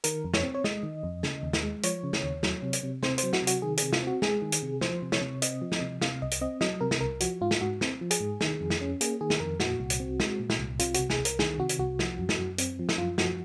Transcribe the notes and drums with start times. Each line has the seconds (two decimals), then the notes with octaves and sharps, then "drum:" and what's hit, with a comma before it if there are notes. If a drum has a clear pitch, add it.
0.04 D#3 A#4, drum: hi-hat
0.25 F2
0.34 C#5, drum: snare
0.43 C4
0.54 C#5
0.64 G#3 D#5, drum: snare
0.83 D#3
1.03 F2
1.23 C#3, drum: snare
1.43 D#2
1.53 drum: snare
1.63 G#3
1.83 F3 C#5, drum: hi-hat
2.04 C#3
2.13 drum: snare
2.23 D#2
2.43 F#3, drum: snare
2.62 C3
2.73 drum: hi-hat
2.83 C3
3.03 C4 C5, drum: snare
3.18 C5, drum: hi-hat
3.23 F#3
3.33 F#4, drum: snare
3.42 C3
3.47 F#4, drum: hi-hat
3.62 D#3 G#4
3.78 C3 G#4, drum: hi-hat
3.93 F4, drum: snare
4.02 C4 F#4
4.22 G#3 G#4, drum: snare
4.42 D#3
4.52 drum: hi-hat
4.63 C3
4.81 F3 C5, drum: snare
5.02 C3
5.12 C#5, drum: snare
5.21 C3
5.42 C4 D#5, drum: hi-hat
5.62 F3
5.72 drum: snare
5.81 C3
6.02 C3 F5, drum: snare
6.22 C2 D#5
6.31 drum: hi-hat
6.41 C4 D#5
6.61 F#3 D#5, drum: snare
6.81 C3 A#4
6.91 drum: snare
7.01 C2 A#4
7.20 F3 F#4, drum: hi-hat
7.41 G#2 F4
7.51 drum: snare
7.61 G#2 F#4
7.81 C4, drum: snare
8.01 F3
8.11 G#4, drum: hi-hat
8.20 G#2
8.41 D#3, drum: snare
8.61 F2
8.70 drum: snare
8.81 C#4
9.01 A#3 G#4, drum: hi-hat
9.21 D#3 G#4
9.30 drum: snare
9.40 F2 A#4
9.60 A#2 F#4, drum: snare
9.80 C2
9.90 drum: hi-hat
10.00 C4
10.20 G#3, drum: snare
10.40 A#2
10.50 drum: snare
10.59 C2
10.79 C3 F4, drum: hi-hat
10.94 F#4, drum: hi-hat
11.00 C2
11.10 G#4, drum: snare
11.19 C2
11.25 A#4, drum: hi-hat
11.39 D#3 G#4, drum: snare
11.59 C3 F#4
11.69 drum: hi-hat
11.79 C2 F#4
11.99 F3, drum: snare
12.18 F#2
12.29 drum: snare
12.38 F#2
12.58 C4, drum: hi-hat
12.79 F3
12.89 drum: snare
12.98 F#2 F4
13.18 F3 F#4, drum: snare